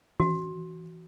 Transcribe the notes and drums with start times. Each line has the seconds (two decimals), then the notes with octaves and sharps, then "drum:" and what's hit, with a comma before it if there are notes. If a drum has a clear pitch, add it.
0.20 F#4, drum: tom E3